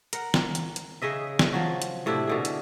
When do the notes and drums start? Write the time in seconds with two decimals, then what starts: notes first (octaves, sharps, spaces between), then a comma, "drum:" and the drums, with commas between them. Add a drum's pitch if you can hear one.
0.13 A#4 F#5, drum: hi-hat
0.34 drum: snare
0.55 drum: hi-hat
0.76 drum: hi-hat
1.02 C#3 G#4 D#5 E5
1.39 drum: snare
1.52 F3 F#3 F#4
1.82 drum: hi-hat
2.06 A2 C3 D4 E4
2.27 B2 D3 G#4
2.45 drum: hi-hat